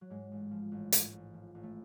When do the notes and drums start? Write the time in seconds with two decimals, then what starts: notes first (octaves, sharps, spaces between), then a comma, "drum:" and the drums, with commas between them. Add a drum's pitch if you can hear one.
0.01 F#3
0.10 G#2 G#3
0.32 A1
0.51 F3
0.72 A1
0.92 G#2, drum: hi-hat
1.13 A1
1.34 F3
1.55 A1
1.63 A3